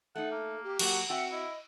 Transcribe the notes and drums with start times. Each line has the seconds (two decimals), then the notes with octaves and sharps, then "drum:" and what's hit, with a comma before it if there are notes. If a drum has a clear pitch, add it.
0.15 A3 D#4 A4 F#5
0.32 A#3
0.64 G4
0.79 F#3 A#3 F#4 F#5, drum: cymbal
1.10 C4 F#4 E5 F#5 G5
1.32 E4 D#5